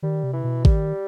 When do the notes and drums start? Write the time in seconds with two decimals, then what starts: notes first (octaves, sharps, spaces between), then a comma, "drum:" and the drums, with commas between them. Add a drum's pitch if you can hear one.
0.02 D#3 G3
0.24 C3
0.33 E3
0.44 B2
0.65 D#3 G3, drum: kick G#1